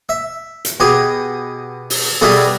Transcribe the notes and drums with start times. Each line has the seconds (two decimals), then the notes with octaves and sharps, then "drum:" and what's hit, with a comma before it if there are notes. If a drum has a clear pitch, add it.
0.09 E5
0.65 drum: hi-hat
0.80 B2 G4 G#4
1.90 drum: open hi-hat
2.21 B2 G3 F#4 G#4 A4 E5